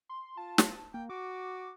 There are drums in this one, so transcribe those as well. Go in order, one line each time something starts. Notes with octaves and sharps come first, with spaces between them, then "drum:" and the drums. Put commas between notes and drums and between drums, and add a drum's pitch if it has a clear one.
C6
F4 A5
drum: snare
A#3 G5
F#4 D6